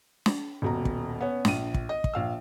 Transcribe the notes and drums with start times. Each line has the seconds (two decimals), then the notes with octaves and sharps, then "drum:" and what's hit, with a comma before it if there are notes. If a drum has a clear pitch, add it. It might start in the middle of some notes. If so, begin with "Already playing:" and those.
0.26 drum: snare
0.62 D#1 B2 A#5
0.85 drum: kick
1.21 B3 C#4
1.45 A#1 D#7, drum: snare
1.74 drum: kick
1.89 D#5
2.04 drum: kick
2.13 A#1 F5 E6